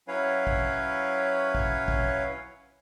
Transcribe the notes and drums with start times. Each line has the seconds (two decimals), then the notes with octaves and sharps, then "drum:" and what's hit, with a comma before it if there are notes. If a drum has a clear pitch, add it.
0.08 F#3 C#4 E4 B4 C#5 F5
0.47 drum: kick
1.55 drum: kick
1.88 drum: kick